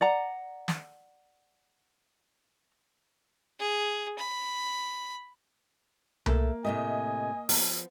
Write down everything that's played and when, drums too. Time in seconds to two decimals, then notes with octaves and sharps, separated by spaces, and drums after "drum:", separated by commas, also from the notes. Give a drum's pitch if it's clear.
0.01 D5 F#5 A#5
0.68 drum: snare
3.59 G#4
4.18 B5
6.26 A3 A#3 A4, drum: tom C2
6.65 A2 C3 A3 D#5 G#5
7.49 F3 B3, drum: open hi-hat